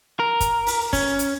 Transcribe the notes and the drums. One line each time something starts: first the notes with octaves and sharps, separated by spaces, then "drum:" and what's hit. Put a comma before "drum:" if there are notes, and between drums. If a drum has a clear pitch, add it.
A#4
drum: kick, hi-hat
drum: open hi-hat
C#4, drum: kick, open hi-hat
drum: hi-hat